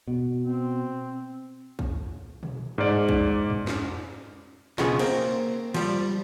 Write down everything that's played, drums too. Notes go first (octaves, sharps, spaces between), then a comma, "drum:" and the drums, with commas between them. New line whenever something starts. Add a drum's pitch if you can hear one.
B2
C4
drum: kick
drum: tom B2
G#2 D5
drum: kick
drum: tom F2
drum: snare
B1 C#3 F3 B3 G#4, drum: snare
A#3 C4, drum: cymbal
F3 G3 D5, drum: cymbal